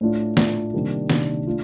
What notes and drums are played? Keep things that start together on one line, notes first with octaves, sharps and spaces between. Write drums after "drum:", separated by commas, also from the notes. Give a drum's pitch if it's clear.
A2 A3 D4 F4
A2 A3 D4 F4, drum: snare
C3 D#3 G3 A#3 D4
C3 D#3 G3 A#3 D4, drum: snare
A3 D4 F4